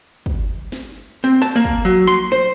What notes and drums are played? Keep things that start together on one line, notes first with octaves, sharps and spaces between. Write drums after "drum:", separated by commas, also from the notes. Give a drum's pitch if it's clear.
drum: kick
drum: snare
C4
A5
A#3
drum: kick
F#3
C6
C5